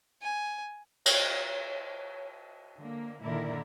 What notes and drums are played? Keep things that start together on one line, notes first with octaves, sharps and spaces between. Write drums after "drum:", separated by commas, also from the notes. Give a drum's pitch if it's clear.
G#5
C#5, drum: cymbal
D3 A#3
A#2 D3 D#3 E4 A#4 D5